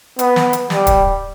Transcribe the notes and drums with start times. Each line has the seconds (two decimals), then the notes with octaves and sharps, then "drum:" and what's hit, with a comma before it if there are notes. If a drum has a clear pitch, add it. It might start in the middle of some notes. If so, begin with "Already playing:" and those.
0.19 B3, drum: hi-hat
0.36 drum: snare
0.53 drum: hi-hat
0.70 G3, drum: snare
0.87 drum: kick, hi-hat